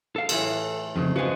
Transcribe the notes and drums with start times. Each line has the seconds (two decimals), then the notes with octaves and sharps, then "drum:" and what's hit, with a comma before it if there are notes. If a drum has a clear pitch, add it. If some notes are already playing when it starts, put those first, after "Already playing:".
0.16 A4 F5
0.29 A2 E3 F4 A4, drum: cymbal
0.96 F2 G#2 C#3 A3
1.16 F3 G#3 F#4 B4 G#5